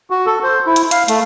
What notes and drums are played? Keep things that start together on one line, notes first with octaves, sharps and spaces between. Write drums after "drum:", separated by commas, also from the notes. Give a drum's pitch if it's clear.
F#4
A4
C5
E4
drum: hi-hat
F5, drum: hi-hat
A3, drum: hi-hat